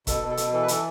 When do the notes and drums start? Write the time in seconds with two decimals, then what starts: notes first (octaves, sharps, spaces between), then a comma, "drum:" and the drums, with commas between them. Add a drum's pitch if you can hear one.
0.07 B2 A4, drum: kick, hi-hat
0.22 B2
0.30 A4
0.37 B2, drum: hi-hat
0.53 E3 A4
0.62 B4
0.68 E3 A4, drum: hi-hat